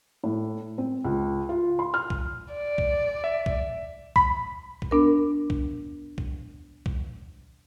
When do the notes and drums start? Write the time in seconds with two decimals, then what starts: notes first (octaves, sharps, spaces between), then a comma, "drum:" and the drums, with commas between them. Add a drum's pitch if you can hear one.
0.24 A2
0.78 C4
1.05 C#2
1.49 F4
1.79 C6
1.94 F6
2.10 drum: kick B1
2.54 D5
2.78 drum: kick B1
3.24 E5
3.46 drum: kick B1
4.16 B5, drum: kick B1
4.82 drum: kick B1
4.91 B3 D4 A#4
5.50 drum: kick B1
6.18 drum: kick B1
6.86 drum: kick B1